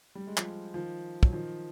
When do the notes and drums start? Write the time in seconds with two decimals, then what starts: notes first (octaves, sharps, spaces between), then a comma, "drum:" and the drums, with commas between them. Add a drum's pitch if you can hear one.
0.15 G3
0.27 G#3
0.37 F3 G3, drum: clap
0.74 D#3 F3
1.23 F#3, drum: kick
1.33 D#3 F3